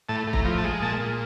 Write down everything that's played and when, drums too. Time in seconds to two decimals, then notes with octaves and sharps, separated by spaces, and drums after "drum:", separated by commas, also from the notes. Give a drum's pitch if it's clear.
0.09 A2 A5
0.27 A2
0.33 A#5, drum: kick
0.45 F3
0.58 A5
0.64 G#3
0.82 A#2 A5
1.00 A#2